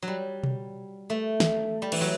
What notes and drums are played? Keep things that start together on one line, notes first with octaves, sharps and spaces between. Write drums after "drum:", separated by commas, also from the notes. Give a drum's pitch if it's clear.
F#3
G3
drum: tom B2
A3
drum: snare
G3
E3, drum: cymbal
F#3